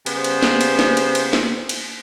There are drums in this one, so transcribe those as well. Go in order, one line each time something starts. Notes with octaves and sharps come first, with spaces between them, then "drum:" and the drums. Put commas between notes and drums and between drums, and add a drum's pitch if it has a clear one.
C#3 G3 B3 C5, drum: cymbal
drum: cymbal
drum: snare
drum: cymbal
drum: snare
drum: cymbal
drum: cymbal
drum: snare
drum: cymbal